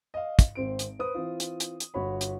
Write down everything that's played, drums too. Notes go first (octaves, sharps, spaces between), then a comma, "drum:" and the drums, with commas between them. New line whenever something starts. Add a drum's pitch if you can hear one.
D#5 F5
drum: kick, hi-hat
G#1 C4 D7
drum: hi-hat
B4 C5 D#6
E3 C4 F4
drum: hi-hat
drum: hi-hat
drum: hi-hat
G1 F#4 C#5 B5
drum: hi-hat